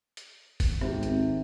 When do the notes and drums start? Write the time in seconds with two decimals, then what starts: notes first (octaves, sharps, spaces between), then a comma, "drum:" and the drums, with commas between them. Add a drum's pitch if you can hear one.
0.17 drum: hi-hat
0.60 drum: kick, open hi-hat
0.81 G#1 C3, drum: rim click
1.03 drum: hi-hat